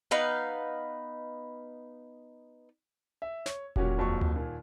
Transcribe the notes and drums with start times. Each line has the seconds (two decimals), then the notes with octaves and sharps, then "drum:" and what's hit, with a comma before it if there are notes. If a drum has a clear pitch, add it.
0.11 B3 D#4 B4 F5
3.22 E5
3.46 C#5, drum: snare
3.76 A#2 F#3 C#4 F#4 G4, drum: kick E1
3.98 D#1 F2 F#3 A5 C#6
4.21 drum: tom D2
4.36 D#2 A#2